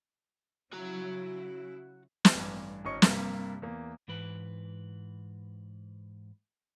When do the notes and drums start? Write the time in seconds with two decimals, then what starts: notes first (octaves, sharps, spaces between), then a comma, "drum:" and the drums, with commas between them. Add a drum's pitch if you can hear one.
0.73 C#3 F#3 E4 F#4 A#5
2.25 drum: snare
2.34 A1 G2
2.85 G#1 C#4 D#5 C#6 C#7
3.02 G2 C3 G3 A#3, drum: snare
3.62 E2 A#3
4.08 G#2 E3 B4